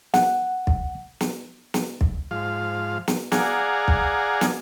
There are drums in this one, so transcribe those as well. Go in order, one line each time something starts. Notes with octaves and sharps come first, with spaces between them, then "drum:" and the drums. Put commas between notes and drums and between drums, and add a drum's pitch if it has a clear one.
F#5, drum: snare
drum: kick
drum: snare
drum: snare
drum: kick
G#2 F3 F5
drum: snare
G#4 D5 F5 F#5 G#5 A#5, drum: snare
drum: kick
drum: snare